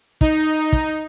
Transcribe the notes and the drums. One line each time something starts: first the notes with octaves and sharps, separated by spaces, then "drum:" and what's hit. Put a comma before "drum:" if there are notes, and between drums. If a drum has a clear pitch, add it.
D#4, drum: kick
drum: kick